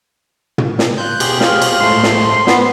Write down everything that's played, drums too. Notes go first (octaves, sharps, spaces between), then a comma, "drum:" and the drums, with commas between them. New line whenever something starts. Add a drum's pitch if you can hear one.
drum: tom
drum: snare
F4 F#6 G6
B2 G4 G#4, drum: cymbal
F4 C5 F5, drum: snare
drum: cymbal
A2 G#3 A3 C5 C6
drum: snare
B3 C5, drum: snare